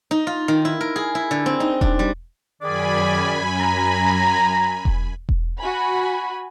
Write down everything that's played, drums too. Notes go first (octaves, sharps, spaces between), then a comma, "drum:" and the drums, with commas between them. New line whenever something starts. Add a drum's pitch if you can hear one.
D#4
F4
D#3
E4
A#4
G#4
E4
D3
C4
D#4
D4, drum: kick E1
G3
F#2 D#3 G#4 D5 G#5 B5
A#5
drum: kick E1
drum: kick E1
F#4 G#5 B5